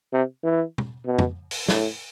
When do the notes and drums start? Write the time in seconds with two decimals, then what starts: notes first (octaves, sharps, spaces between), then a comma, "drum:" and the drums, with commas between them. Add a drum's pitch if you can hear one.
0.13 C3
0.44 E3
0.78 drum: tom B2
1.06 B2
1.19 drum: tom
1.51 drum: open hi-hat
1.68 A2, drum: snare